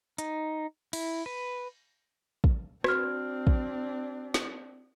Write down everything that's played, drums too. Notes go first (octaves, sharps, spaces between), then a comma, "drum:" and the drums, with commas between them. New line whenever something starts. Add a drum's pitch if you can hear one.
D#4, drum: hi-hat
E4, drum: cymbal
B4
drum: kick
C4 D4 F#4 F6, drum: rim click
drum: kick
drum: snare